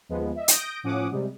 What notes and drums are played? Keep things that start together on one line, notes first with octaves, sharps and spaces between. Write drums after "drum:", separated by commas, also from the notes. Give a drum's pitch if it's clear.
D#2 F3 G#3 B3
D#5 E5
D#6 G6 A#6 D7, drum: hi-hat
A2 F3 C#4 F#5 D6 D#6
C3 G3 G#3